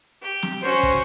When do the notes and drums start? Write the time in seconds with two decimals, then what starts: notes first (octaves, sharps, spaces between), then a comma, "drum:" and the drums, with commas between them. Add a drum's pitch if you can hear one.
0.22 G4
0.43 drum: snare
0.63 C#4 F#4 C5
0.83 drum: kick